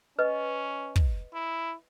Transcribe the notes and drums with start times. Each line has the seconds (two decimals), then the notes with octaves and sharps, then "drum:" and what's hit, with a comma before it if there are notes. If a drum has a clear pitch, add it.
0.19 C#4 B4 D#5
0.96 drum: kick
1.34 E4